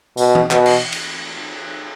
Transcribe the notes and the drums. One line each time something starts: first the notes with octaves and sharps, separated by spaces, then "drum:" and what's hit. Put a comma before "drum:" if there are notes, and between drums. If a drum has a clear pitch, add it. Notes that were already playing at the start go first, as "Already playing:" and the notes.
B2, drum: tambourine
drum: tom E3
B2, drum: clap
drum: cymbal
drum: cymbal